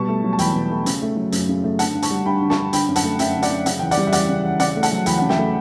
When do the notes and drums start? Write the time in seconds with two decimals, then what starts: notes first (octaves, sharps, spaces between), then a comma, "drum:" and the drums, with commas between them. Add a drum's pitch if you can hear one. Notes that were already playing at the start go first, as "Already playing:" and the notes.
Already playing: B2 G3 A5 C#6
0.09 A3
0.24 F#3
0.33 A5
0.39 E2 G5 B5, drum: hi-hat
0.54 B2
0.70 A3
0.86 C#3, drum: hi-hat
1.02 A3
1.16 F#3
1.32 F#2, drum: hi-hat
1.49 C#3
1.64 A3
1.79 D3 F#5 A5, drum: hi-hat
1.94 G2
2.02 A5 C#6, drum: hi-hat
2.11 G3
2.26 G2 G5 B5
2.42 D3
2.50 A5 C#6, drum: snare
2.58 G2
2.73 D3 G5 B5, drum: hi-hat
2.89 F#2
2.96 F#5 A5, drum: hi-hat
3.04 A3
3.19 F#2 E5 G5, drum: hi-hat
3.36 D3
3.42 D5 F#5, drum: hi-hat
3.51 F#2
3.66 C#3 F#5, drum: hi-hat
3.79 E2 G5
3.91 D5 F#5, drum: hi-hat
3.97 G3
4.07 E5
4.12 E2 D5 F#5, drum: hi-hat
4.29 C#3
4.44 E2
4.60 C#3 D5 F#5, drum: hi-hat
4.76 A3
4.83 F#5 A5, drum: hi-hat
4.91 F#3
5.06 E2 G5 B5, drum: hi-hat
5.19 C#3 F#5
5.29 E5 G5, drum: snare
5.38 A3